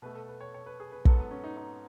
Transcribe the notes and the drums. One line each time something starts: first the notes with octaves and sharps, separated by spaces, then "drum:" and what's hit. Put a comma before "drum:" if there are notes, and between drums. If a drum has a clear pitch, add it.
B2 A3 B4
A4
B4
C#5
C#5
B4
G#4
B4
G#2 F#3 B3 A4, drum: kick
B3
C#4
D#4
D#4